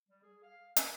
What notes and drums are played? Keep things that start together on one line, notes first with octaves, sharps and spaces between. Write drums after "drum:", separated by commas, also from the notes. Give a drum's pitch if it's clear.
G3
G#4
F5
G3, drum: hi-hat